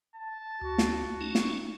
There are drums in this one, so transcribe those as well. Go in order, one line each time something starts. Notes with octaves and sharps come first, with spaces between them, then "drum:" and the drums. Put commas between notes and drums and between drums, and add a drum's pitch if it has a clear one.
A5
D2 F#4
drum: snare
A3 C#4 D#4
drum: snare